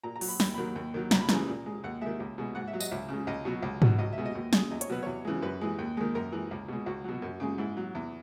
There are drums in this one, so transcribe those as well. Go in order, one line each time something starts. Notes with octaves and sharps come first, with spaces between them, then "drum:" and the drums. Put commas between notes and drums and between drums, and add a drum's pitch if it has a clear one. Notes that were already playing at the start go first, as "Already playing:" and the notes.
A#2 A#5
A#5
F#3, drum: open hi-hat
B5
D#2 B5, drum: snare
D#3 F#3 B5
D#2
D#3 F#3
C#2 A#5, drum: snare
B5
C#3 E3 G#3 A#5, drum: snare
A#2
G#3
D#2 F#5
D#3 G#3 E5
C#2
B2 G#3
G#2 F#5
E5
F#3
D#5, drum: tambourine
C#2 E5
C#3 G#3
C#2 D#5
B2 F#3
C#2
B2 F#3, drum: tom G#2
C#2 D#5
E5
B2 G#3
D#5
D#2
C#3 G#3, drum: snare
E2 D#5
C#5, drum: hi-hat
B2 F#3 B4
E2 C#5
C#3 E3 G#3
F#2 B4
E3 G#3
D#2
D#3 G#3
F#2 A#4
E3 G#3
C#2
B2 G#3
C#2 F#4
B2 F#3
F#2
C#3 G#3
G#2 E4
F#3
E2